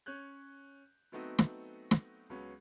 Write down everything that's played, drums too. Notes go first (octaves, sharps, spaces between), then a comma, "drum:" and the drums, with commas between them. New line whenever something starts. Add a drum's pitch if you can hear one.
C#4 C#5 F#6 G6
F#3 A3 B3 C4 D#4 F#4
drum: snare
drum: snare
C#2 F#3 B3 C#4